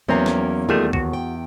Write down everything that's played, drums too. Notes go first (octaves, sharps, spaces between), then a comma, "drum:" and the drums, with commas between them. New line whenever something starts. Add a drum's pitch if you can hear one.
E2 F#3 A#3 C4 C#4 A#5
drum: snare
D#2 G3 A3 F4 G#4 A#4
D#2 F#4, drum: kick
G5